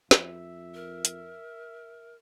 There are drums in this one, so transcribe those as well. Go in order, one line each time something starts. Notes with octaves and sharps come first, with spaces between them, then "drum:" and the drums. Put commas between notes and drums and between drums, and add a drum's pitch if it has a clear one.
F2 E5, drum: snare
A#4
drum: hi-hat